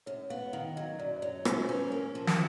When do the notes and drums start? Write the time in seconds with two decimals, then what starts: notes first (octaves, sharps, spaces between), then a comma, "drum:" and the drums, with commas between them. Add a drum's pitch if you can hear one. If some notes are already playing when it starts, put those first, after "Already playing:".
0.06 F#2 C#5
0.30 B3 F5
0.53 D#3 F5
0.76 F#3 D#5
0.99 F#2 D5
1.16 D5
1.22 F#3 C#5
1.45 C#4 C5, drum: rim click
1.62 C5
1.68 C#4 B4
1.92 A#3 A#4
2.15 F3
2.27 drum: snare